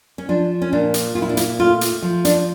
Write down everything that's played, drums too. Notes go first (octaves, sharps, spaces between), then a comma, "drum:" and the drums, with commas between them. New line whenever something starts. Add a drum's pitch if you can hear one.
C#4
F3 D4
C#4
A#2 D4
drum: hi-hat
A#2 F4
E4
D4
E4, drum: hi-hat
A3 F4
drum: hi-hat
F3
D4, drum: hi-hat